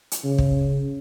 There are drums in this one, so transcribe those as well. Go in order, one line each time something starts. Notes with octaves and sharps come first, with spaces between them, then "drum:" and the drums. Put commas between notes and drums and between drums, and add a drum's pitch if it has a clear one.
drum: hi-hat
C#3
drum: kick